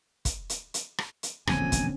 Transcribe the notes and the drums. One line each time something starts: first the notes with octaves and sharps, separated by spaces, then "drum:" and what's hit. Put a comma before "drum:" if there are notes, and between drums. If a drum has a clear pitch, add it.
drum: kick, hi-hat
drum: hi-hat
drum: hi-hat
drum: rim click
drum: hi-hat
E1 A#1 F2 D3 C4 C#4 G#5, drum: rim click
drum: kick, hi-hat